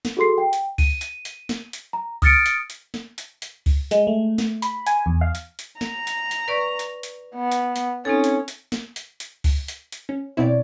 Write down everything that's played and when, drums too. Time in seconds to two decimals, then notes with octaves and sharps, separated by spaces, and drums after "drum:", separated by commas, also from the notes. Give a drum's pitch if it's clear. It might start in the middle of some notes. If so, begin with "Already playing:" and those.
0.05 drum: snare
0.17 F#4 G#4 A4 C6 C7
0.38 G5
0.53 drum: hi-hat
0.78 D#7, drum: kick C#2, open hi-hat
1.01 drum: hi-hat
1.25 drum: hi-hat
1.49 drum: snare
1.73 drum: hi-hat
1.93 A#5
2.22 D#6 F6 A6 C#7 D7, drum: kick C#2, open hi-hat
2.46 drum: hi-hat
2.70 drum: hi-hat
2.94 drum: snare
3.18 drum: hi-hat
3.42 drum: hi-hat
3.66 drum: kick C#2, open hi-hat
3.91 G#3, drum: hi-hat
4.07 A3
4.38 drum: snare
4.62 B5, drum: hi-hat
4.87 G#5, drum: hi-hat
5.06 E2
5.21 F5
5.35 drum: hi-hat
5.59 drum: hi-hat
5.81 A#5, drum: snare
6.07 drum: hi-hat
6.31 drum: hi-hat
6.48 B4 D5 C#6
6.79 drum: hi-hat
7.03 drum: hi-hat
7.34 B3
7.52 drum: hi-hat
7.76 drum: hi-hat
8.05 C4 C#4 D#4 A4
8.24 drum: hi-hat
8.48 drum: hi-hat
8.72 drum: snare
8.96 drum: hi-hat
9.20 drum: hi-hat
9.44 drum: kick C#2, open hi-hat
9.68 drum: hi-hat
9.92 drum: hi-hat
10.09 C#4
10.37 B2 C4 E4 C#5 D5